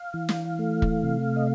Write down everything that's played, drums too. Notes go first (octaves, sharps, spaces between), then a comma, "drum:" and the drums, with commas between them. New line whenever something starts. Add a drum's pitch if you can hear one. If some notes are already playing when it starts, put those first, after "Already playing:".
Already playing: F5
E3
drum: snare
A3
drum: kick
C3
D#5